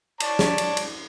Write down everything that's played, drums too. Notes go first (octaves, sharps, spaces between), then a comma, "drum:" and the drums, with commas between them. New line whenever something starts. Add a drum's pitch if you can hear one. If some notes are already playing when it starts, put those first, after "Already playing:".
C#5 D5 A5, drum: cymbal
drum: snare
drum: cymbal
drum: cymbal